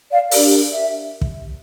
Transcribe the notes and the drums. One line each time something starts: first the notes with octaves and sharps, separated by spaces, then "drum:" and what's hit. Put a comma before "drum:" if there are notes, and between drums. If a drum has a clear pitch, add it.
D5 F5
D4 G4 A#4 D5, drum: open hi-hat
E5
drum: kick